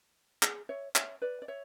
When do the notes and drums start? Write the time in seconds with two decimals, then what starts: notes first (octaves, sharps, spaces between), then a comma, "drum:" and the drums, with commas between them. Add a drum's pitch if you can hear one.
0.43 G#4, drum: clap
0.69 C#5 E5
0.95 C#5 E5, drum: clap
1.22 B4 D5
1.42 D5
1.48 C#5 E5